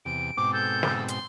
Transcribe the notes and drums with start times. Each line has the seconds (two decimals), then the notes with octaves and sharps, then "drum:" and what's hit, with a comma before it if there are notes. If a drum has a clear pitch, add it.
0.05 E2 C3 D7
0.37 G#2 B2 C4 D6
0.53 A4 G6
0.83 drum: snare
0.96 E6
1.08 C6, drum: hi-hat